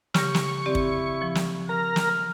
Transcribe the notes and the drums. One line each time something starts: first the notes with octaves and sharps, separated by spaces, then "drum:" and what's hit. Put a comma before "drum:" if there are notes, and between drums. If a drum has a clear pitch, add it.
C#3 G4 C#6 A#6, drum: snare
drum: snare
C4 E4 G4 D5
drum: kick
F3
drum: snare
A#4 A#5 F6
drum: snare